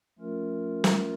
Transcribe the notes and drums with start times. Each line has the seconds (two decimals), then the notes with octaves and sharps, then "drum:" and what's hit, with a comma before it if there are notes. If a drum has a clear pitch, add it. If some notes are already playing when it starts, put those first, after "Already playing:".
0.18 F3 A3 C#4 F4 A#4
0.84 drum: snare